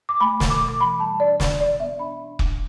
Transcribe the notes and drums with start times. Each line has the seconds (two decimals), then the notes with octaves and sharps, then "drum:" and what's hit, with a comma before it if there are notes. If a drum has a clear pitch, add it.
0.09 D6
0.20 A3 B5
0.40 B2, drum: snare
0.50 D6
0.60 B2
0.69 D6
0.80 E3 B5
1.00 G3 A5
1.20 D4 D5
1.40 D4, drum: snare
1.60 B2 D5
1.79 B3 E5
1.99 D4 B5
2.20 D4
2.39 D4, drum: kick